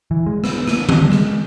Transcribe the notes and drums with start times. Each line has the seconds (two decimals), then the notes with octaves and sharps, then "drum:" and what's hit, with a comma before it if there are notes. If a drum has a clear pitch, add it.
0.11 E3
0.26 G#3
0.44 B3, drum: rim click
0.68 A#3, drum: rim click
0.77 B3
0.89 drum: tom D#3
1.02 G3
1.12 G#3, drum: rim click